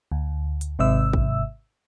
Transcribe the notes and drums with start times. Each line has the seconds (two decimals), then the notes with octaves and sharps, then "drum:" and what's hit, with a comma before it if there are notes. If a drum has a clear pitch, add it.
0.12 D2
0.61 drum: hi-hat
0.79 G#1 G#2 C3 E5 E6
1.13 drum: kick